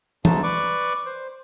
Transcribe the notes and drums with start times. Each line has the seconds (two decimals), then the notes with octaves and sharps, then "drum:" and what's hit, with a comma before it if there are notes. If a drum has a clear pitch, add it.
0.25 G#2 B2 G#3 A3 D#4 A5, drum: tom
0.43 B4 D5 C#6 D6
1.06 C5